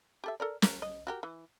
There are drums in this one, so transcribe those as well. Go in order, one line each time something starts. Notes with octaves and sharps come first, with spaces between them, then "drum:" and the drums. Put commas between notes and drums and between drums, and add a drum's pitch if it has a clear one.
G4 A4 E5
A4 A#4 D5
A#4, drum: snare
D#5
F#4 G4 A#4
E3